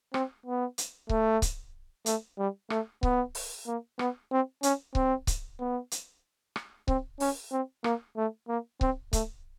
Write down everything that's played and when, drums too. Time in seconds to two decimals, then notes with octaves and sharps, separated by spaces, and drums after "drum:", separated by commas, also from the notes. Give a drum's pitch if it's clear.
0.14 C4, drum: rim click
0.46 B3
0.78 drum: hi-hat
1.09 A3, drum: kick C#1
1.42 drum: kick C#1, hi-hat
2.06 A3, drum: hi-hat
2.38 G3
2.70 A3, drum: rim click
3.03 B3, drum: kick C#1
3.35 drum: open hi-hat
3.67 A#3
3.99 B3, drum: rim click
4.32 C4
4.63 C#4, drum: hi-hat
4.95 C4, drum: kick C#1
5.27 drum: kick C#1, hi-hat
5.59 B3
5.91 drum: hi-hat
6.56 drum: rim click
6.88 C4, drum: kick C#1
7.20 C#4, drum: open hi-hat
7.52 C4
7.84 A#3, drum: rim click
8.17 A3
8.48 A#3
8.81 C4, drum: kick C#1
9.13 A3, drum: kick C#1, hi-hat